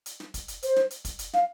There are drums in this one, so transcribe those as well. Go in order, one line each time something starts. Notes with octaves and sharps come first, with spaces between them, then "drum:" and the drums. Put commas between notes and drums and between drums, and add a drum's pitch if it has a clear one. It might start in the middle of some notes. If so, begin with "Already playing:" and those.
drum: hi-hat
drum: snare
drum: kick, hi-hat
drum: hi-hat
C5, drum: hi-hat
drum: snare
drum: hi-hat
drum: kick, hi-hat
drum: hi-hat
F5, drum: snare